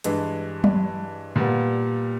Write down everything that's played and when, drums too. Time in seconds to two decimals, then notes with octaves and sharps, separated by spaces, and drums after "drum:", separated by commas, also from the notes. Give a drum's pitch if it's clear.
0.04 G2 E3 G#3, drum: hi-hat
0.64 drum: tom F#3
1.36 A#2 G3 B3